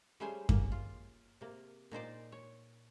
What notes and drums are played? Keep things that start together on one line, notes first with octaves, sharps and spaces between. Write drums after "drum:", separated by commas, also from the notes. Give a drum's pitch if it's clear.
G3 A3 C#4 G#4 C5 G#5
A#3, drum: kick F#2
F4
C3 A#3
A#2 D#4 C5 D5
C#5